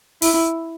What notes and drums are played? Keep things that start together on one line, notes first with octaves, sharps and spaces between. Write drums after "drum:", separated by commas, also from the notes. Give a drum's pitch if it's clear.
E4, drum: open hi-hat